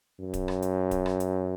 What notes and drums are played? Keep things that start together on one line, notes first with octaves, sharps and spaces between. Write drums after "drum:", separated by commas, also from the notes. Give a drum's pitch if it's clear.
F#2
drum: kick D1, hi-hat
drum: rim click
drum: hi-hat
drum: kick D1, hi-hat
drum: rim click
drum: hi-hat